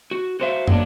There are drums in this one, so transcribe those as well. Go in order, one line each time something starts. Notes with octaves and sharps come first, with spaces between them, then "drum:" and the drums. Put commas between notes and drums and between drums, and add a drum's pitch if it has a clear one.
F#4
F#4 G4 C5 C#5 E5 F5
F#3 A#3 D4, drum: tom